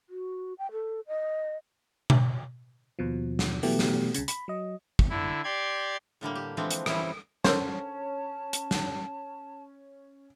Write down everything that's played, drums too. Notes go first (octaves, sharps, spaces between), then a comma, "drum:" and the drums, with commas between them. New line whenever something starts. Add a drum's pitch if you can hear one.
F#4
G5
A4
D#5
drum: tom B2
D#2 B2 F3
drum: snare
B2 E3 F#3 A3 B3 G4, drum: open hi-hat
drum: snare
C2 C#3, drum: hi-hat
B5, drum: hi-hat
F#3 D#5
drum: kick
D3 E4
G4 D5 C6 G#6
A2 D3 G3 A#3
G4
D3 E3 F3 G#3 C4 D4
drum: hi-hat
E3 G3 C4 C#4 E4 C5, drum: rim click
D3 C#4 A#4 C5 A5, drum: snare
drum: hi-hat
drum: snare